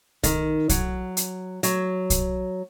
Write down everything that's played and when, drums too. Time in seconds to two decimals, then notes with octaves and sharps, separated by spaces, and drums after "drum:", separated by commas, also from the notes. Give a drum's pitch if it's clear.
0.23 D#3, drum: kick B1, hi-hat
0.69 F#3, drum: kick B1, hi-hat
1.17 drum: hi-hat
1.63 F#3, drum: hi-hat
2.10 drum: kick B1, hi-hat